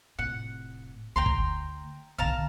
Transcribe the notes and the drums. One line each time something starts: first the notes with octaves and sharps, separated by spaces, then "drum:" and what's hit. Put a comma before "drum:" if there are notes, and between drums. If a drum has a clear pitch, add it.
F1 A2 F#5
D2 G5 A#5 C6
drum: kick
B1 D3 F5 A5 A#5